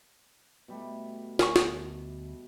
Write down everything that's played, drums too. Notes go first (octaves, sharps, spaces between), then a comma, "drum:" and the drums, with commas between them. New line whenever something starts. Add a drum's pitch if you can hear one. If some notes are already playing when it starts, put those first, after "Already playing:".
B2 G3 A3
D2 A#4 G#5 C#6, drum: snare
drum: snare